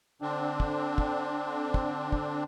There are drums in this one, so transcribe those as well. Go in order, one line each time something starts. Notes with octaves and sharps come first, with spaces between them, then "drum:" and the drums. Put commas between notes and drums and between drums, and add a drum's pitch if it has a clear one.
D3 C4 D4
drum: kick
drum: kick
drum: kick
drum: kick